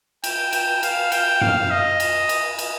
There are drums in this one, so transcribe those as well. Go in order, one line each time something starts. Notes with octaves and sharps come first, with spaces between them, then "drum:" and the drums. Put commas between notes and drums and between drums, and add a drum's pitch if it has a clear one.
G5, drum: cymbal
G5, drum: cymbal
F5, drum: cymbal
G5, drum: cymbal
F5, drum: tom F#2
D#5
drum: cymbal
drum: cymbal
drum: cymbal